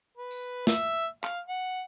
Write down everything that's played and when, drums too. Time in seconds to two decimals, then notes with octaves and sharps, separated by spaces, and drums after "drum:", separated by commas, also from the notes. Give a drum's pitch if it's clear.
0.17 B4
0.31 drum: tambourine
0.67 E5, drum: snare
1.24 F5, drum: clap
1.49 F#5